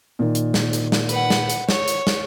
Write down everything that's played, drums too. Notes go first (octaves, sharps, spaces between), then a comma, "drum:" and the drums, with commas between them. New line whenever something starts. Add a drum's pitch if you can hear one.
A#2 D#3
drum: hi-hat
drum: snare
drum: hi-hat
drum: snare
B4 F#5, drum: hi-hat
drum: snare
drum: hi-hat
C#5, drum: snare
drum: hi-hat
drum: snare